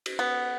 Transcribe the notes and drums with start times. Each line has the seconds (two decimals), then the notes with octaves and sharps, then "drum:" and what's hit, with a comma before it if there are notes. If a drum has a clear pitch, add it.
0.06 drum: cymbal
0.19 B3